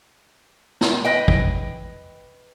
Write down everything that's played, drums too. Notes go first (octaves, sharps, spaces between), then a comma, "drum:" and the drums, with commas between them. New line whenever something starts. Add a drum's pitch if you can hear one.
drum: snare
B4 D#5 G5
drum: kick